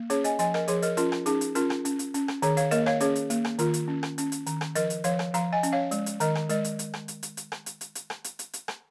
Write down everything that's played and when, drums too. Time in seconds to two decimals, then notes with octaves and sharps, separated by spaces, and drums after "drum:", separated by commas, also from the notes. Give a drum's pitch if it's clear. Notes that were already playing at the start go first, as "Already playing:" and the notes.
Already playing: A#3
0.10 C#4 G#4 C#5, drum: hi-hat
0.24 D#5 G#5, drum: hi-hat
0.39 F3 D#5 G#5, drum: hi-hat
0.54 A#4 D#5, drum: rim click
0.68 F3 G#4 C#5, drum: hi-hat
0.82 A#4 D#5, drum: hi-hat
0.97 C#4 F4 A#4, drum: hi-hat
1.12 drum: rim click
1.26 C#4 D#4 G#4, drum: hi-hat
1.41 drum: hi-hat
1.55 C#4 F4 A#4, drum: hi-hat
1.70 drum: rim click
1.85 C#4, drum: hi-hat
1.99 drum: hi-hat
2.14 C#4, drum: hi-hat
2.28 drum: rim click
2.42 D#3 G#4 C#5, drum: hi-hat
2.57 C#5 F5, drum: hi-hat
2.71 A#3 A#4 D#5, drum: hi-hat
2.86 C#5 F5, drum: rim click
3.00 C#4 G#4 C#5, drum: hi-hat
3.15 drum: hi-hat
3.30 A#3, drum: hi-hat
3.45 drum: rim click
3.59 D#3 F4 A#4, drum: hi-hat
3.74 drum: hi-hat
3.88 C#4
4.03 drum: rim click
4.18 C#4, drum: hi-hat
4.32 drum: hi-hat
4.46 D#3, drum: hi-hat
4.61 drum: rim click
4.75 F3 A#4 D#5, drum: hi-hat
4.90 drum: hi-hat
5.04 F3 C#5 F5, drum: hi-hat
5.19 drum: rim click
5.34 F3 F5 A#5, drum: hi-hat
5.53 D#5 G#5
5.63 C#4, drum: hi-hat
5.73 C#5 F5
5.91 G#3, drum: hi-hat
6.06 drum: hi-hat
6.20 D#3 A#4 D#5, drum: hi-hat
6.35 drum: rim click
6.49 G#3 A#4 D#5, drum: hi-hat
6.64 drum: hi-hat
6.79 drum: hi-hat
6.94 drum: rim click
7.08 drum: hi-hat
7.23 drum: hi-hat
7.37 drum: hi-hat
7.52 drum: rim click
7.66 drum: hi-hat
7.81 drum: hi-hat
7.95 drum: hi-hat
8.10 drum: rim click
8.24 drum: hi-hat
8.39 drum: hi-hat
8.53 drum: hi-hat
8.68 drum: rim click